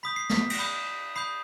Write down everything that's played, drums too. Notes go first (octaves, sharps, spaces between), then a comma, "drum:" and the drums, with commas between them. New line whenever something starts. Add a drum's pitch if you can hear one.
B5 D#6 G6 B6
C7
B6, drum: snare
drum: cymbal
B5 D#6 G6
B5 D#6 G6 C7